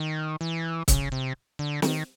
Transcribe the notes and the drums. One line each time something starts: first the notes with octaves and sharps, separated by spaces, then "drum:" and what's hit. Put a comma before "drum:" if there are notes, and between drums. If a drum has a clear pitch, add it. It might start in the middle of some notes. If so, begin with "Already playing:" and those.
Already playing: D#3
E3
C#3, drum: kick, hi-hat
C3
D3
D#3, drum: snare